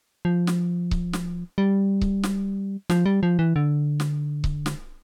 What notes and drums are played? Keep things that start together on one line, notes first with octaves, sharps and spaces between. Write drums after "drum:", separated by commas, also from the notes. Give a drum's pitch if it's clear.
F3
drum: snare
drum: kick C#1
drum: snare
G3
drum: kick C#1
drum: snare
F3, drum: snare
G3
F3
E3
D3
drum: snare
drum: kick C#1
drum: snare